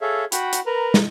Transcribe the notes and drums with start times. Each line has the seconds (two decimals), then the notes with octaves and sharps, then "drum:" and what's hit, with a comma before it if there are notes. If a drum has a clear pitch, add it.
0.01 G#4 A4 C#5 E5 F5
0.32 F#4 F#5 G5 B5, drum: hi-hat
0.53 drum: hi-hat
0.66 A#4 B4 A#5
0.94 drum: snare